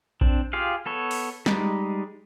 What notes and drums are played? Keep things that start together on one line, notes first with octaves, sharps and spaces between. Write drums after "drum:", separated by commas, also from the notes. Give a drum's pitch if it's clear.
C4 D4, drum: kick A#1
F4 G4 G#4 F5
B3 A4 C#5
drum: open hi-hat
G3 G#3 D#4, drum: snare